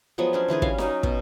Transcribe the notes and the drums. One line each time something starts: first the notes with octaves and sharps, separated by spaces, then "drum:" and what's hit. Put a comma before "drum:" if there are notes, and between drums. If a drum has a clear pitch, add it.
F3 F#3 G#3 B3
C#4 D4 C5
D3 E3 D4 G#4
G3 C#4 F5, drum: kick
F#3 C#4 D#4, drum: snare D#4
B2, drum: kick